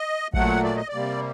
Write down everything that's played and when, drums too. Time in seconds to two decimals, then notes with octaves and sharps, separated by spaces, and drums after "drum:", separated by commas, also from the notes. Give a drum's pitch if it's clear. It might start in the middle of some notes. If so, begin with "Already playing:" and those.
Already playing: D#5
0.34 A#2 F#3 A3 F#5, drum: kick A1
0.64 D5
0.76 D#5
0.88 D5
0.93 C3 G3 A#3